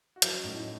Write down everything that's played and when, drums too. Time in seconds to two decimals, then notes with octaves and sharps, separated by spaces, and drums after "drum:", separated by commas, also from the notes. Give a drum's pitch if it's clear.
0.16 F#4
0.22 F#3 E4, drum: hi-hat
0.33 C#4
0.44 A2 D#4
0.55 E4